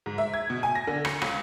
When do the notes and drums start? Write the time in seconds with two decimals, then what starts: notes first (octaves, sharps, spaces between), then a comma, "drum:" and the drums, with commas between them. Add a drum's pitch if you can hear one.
0.06 G#2
0.18 E5
0.34 G#6
0.50 B2
0.63 G#5
0.75 A#6
0.87 D3
1.05 C#7, drum: rim click
1.22 C#2, drum: rim click